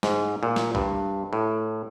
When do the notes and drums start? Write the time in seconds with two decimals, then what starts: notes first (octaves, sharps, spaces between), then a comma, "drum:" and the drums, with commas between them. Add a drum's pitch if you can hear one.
0.03 G#2, drum: snare
0.43 A#2
0.56 drum: snare
0.75 G2, drum: kick
1.33 A2